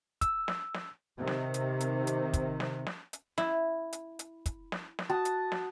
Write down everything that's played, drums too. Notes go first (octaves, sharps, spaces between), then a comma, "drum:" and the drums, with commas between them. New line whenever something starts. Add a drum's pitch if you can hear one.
E6, drum: kick, hi-hat
drum: snare
drum: snare
C3 D#3
drum: snare
drum: hi-hat
drum: hi-hat
drum: hi-hat
drum: kick, hi-hat
drum: snare
drum: snare
drum: hi-hat
E4, drum: snare
drum: hi-hat
drum: hi-hat
drum: kick, hi-hat
drum: snare
drum: snare
F#4 A5 D#6
drum: hi-hat
drum: snare